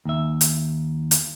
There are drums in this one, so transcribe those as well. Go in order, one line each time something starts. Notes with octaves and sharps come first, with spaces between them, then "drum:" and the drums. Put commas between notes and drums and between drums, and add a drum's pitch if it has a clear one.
D#2 E5
drum: hi-hat
drum: hi-hat